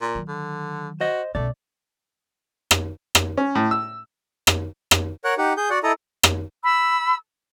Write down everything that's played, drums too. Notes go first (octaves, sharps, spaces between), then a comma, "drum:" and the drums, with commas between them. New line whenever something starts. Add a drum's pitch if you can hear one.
A#2
D#3 F#3
D3
F#4 C5 D#5
B1 A3 C#4 D5
drum: rim click
drum: rim click
C#4
A2
E6
drum: rim click
drum: rim click
A#4 C#5 F#5 F#6
D#4 G4 F#5
G#4 G6
F#4 D5 F#5
E4 A4 D#5 A#5
drum: rim click
B5 E6